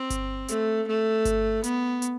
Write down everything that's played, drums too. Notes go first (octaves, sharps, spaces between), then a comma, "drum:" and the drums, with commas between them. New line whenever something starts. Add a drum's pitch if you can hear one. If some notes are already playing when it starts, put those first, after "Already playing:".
Already playing: C4
drum: kick G1, hi-hat
A3, drum: hi-hat
A3
drum: kick G1, hi-hat
B3, drum: hi-hat
drum: hi-hat